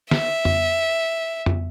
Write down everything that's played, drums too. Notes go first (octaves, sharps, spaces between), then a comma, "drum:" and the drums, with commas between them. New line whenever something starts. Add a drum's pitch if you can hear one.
E5, drum: snare
drum: tom F2
drum: tom F2